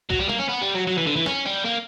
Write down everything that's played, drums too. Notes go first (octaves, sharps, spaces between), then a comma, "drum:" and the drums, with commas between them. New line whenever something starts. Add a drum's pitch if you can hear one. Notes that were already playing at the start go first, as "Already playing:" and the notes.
F#3, drum: kick B1
G3
A#3, drum: tom
C#4
B3
G3
F#3
F#3
E3
D3
E3
C#4, drum: snare
G3
A#3